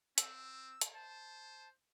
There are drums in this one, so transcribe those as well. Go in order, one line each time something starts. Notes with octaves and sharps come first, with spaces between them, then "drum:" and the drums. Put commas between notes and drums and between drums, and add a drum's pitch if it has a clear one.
C4 E6, drum: hi-hat
drum: hi-hat
C5 A5